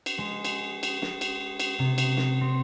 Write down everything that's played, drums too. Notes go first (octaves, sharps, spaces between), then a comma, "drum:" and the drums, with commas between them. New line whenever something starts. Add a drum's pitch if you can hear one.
drum: cymbal
G#3
drum: cymbal
drum: cymbal
drum: snare
drum: cymbal
drum: cymbal
C3
drum: cymbal
drum: snare
C4